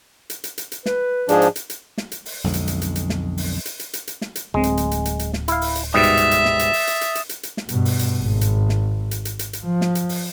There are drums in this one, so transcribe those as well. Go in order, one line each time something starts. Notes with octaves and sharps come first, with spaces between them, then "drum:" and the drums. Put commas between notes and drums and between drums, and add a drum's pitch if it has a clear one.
drum: hi-hat
drum: hi-hat
drum: hi-hat
drum: hi-hat
B4, drum: snare
G#2 F3 D4 G#4, drum: hi-hat
drum: hi-hat
drum: hi-hat
drum: hi-hat
drum: snare
drum: hi-hat
drum: open hi-hat
B1 F2 D3 G#3
drum: hi-hat
drum: hi-hat
drum: hi-hat
drum: hi-hat
drum: snare
drum: open hi-hat
drum: hi-hat
drum: hi-hat
drum: hi-hat
drum: hi-hat
drum: snare
drum: hi-hat
D1 G#3 C4
drum: hi-hat
drum: hi-hat
drum: hi-hat
drum: hi-hat
drum: hi-hat
drum: snare
E4 F5, drum: hi-hat
drum: open hi-hat
drum: hi-hat
G#2 B2 G3 E5 D#6 A6 E7
drum: hi-hat
drum: hi-hat
drum: hi-hat
drum: snare
drum: hi-hat
drum: open hi-hat
drum: hi-hat
drum: hi-hat
drum: hi-hat
drum: hi-hat
drum: hi-hat
drum: snare
G2 B2, drum: hi-hat
drum: open hi-hat
drum: hi-hat
G#1
drum: hi-hat
drum: snare
drum: hi-hat
drum: hi-hat
drum: hi-hat
drum: hi-hat
F3
drum: snare
drum: hi-hat
drum: open hi-hat